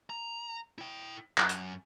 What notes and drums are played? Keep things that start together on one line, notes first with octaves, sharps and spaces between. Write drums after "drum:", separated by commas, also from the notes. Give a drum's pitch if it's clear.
A#5
E4 G5
F#2, drum: clap
drum: hi-hat